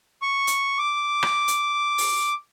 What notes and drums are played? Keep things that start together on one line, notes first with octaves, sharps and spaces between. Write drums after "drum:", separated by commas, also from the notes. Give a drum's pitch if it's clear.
C#6
drum: hi-hat
D6
drum: rim click
drum: hi-hat
drum: open hi-hat